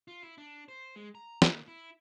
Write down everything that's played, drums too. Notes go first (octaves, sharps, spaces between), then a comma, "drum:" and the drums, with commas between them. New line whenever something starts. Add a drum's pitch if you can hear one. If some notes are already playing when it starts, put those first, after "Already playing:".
F4
E4
D4
C5
G#3
A#5
D#2, drum: snare
E4